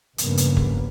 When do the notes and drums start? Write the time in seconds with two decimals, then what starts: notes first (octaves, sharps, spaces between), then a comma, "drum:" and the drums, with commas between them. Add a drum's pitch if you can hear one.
0.18 E2 G2 C#3 F3 A#3 B3, drum: hi-hat
0.37 drum: hi-hat
0.57 drum: kick